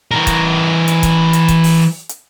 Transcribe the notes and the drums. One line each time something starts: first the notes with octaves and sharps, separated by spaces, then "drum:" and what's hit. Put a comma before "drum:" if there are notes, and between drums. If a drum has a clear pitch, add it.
E3 A#4
drum: kick, hi-hat
drum: hi-hat
drum: kick, hi-hat
drum: hi-hat
drum: kick, hi-hat
drum: open hi-hat
drum: hi-hat